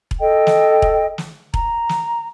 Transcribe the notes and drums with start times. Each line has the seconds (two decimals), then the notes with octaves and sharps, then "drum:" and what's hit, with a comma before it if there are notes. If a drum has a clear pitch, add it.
0.11 drum: kick E1
0.20 A4 D#5 G5
0.47 drum: snare
0.82 drum: kick E1
1.18 drum: snare
1.54 A#5, drum: kick E1
1.89 drum: snare